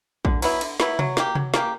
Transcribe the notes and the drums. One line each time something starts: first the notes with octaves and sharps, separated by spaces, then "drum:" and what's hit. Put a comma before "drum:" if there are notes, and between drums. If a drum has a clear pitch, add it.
D3, drum: kick
F#3 B3 E4, drum: cymbal
D3, drum: cymbal
F#3 B3 E4, drum: snare
F#3, drum: tom C3
A#3 D#4 G4, drum: snare
F#3, drum: tom C3
A#3 D#4 G4, drum: snare